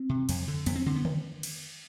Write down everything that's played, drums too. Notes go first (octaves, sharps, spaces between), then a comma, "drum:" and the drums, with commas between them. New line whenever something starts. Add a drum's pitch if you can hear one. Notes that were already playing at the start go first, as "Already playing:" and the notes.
Already playing: C4
C3
F2, drum: cymbal
D3
F2 B3, drum: cymbal
C4
D3 C4
B3
drum: tom D3
drum: cymbal